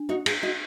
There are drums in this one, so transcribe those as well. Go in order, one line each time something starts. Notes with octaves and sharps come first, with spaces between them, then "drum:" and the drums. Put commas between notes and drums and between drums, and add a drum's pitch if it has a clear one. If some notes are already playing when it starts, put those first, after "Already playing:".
Already playing: D4
D#4 F#4
F4 G#4, drum: cymbal
D#4 F#4